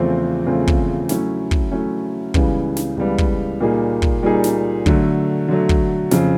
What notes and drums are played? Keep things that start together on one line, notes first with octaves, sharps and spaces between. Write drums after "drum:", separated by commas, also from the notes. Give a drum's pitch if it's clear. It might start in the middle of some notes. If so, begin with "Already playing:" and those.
Already playing: E2 C#3 F3 A3 C4
E2 C#3 F3 A3 C4
drum: kick
F#3 A3 C#4 E4, drum: snare
drum: kick
F#3 A3 C#4 E4
C#2 C#3 E3 G3 B3, drum: kick
drum: snare
C#2 C#3 E3 G3 B3
drum: kick
A#2 G3 A#3 D#4 G#4
drum: kick
A#2 G3 A#3 D#4 G#4
drum: snare
D3 F#3 A3, drum: kick
D3 F#3 A3
drum: kick
F2 C#3 F3, drum: snare